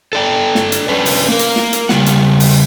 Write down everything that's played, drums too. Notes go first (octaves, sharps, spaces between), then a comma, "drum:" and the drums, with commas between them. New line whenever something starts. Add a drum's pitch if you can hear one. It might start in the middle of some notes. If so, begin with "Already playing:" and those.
A4 D5 G5
drum: snare
drum: hi-hat
C#4 D4 B4
drum: open hi-hat
A#3 A#4
drum: hi-hat
drum: snare
drum: hi-hat
C#3 G3 F#5, drum: snare
drum: hi-hat
drum: open hi-hat